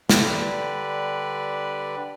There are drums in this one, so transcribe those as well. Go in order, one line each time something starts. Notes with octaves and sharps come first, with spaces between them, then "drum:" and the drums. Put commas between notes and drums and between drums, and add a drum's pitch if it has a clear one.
D3 G3 B4 D5, drum: snare